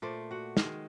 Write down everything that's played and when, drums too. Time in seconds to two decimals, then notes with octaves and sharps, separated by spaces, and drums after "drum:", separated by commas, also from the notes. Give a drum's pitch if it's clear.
0.02 A#2 A3 C5 D5
0.31 F#4 F#5
0.57 D#3 G#3, drum: snare